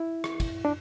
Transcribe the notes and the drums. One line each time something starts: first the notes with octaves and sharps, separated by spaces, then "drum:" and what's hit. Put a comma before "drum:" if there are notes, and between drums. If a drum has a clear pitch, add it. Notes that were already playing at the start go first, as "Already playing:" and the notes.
Already playing: E4
drum: rim click
drum: kick, cymbal
D4